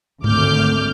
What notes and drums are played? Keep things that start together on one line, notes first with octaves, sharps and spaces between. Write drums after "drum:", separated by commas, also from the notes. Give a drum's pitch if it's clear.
G#1 D2 D6 F6 G6, drum: tom G2